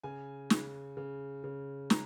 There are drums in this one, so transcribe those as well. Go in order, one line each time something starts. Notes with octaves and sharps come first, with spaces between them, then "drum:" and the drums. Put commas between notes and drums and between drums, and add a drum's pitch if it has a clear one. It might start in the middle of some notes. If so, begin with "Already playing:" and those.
C#3 G#5
C#3, drum: snare
C#3
C#3
G#3 A#5, drum: snare